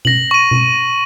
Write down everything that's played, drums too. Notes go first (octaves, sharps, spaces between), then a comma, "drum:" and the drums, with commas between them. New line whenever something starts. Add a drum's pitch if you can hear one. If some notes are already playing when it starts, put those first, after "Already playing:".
A#6 F#7, drum: tom B2
C#6 D#7
drum: tom B2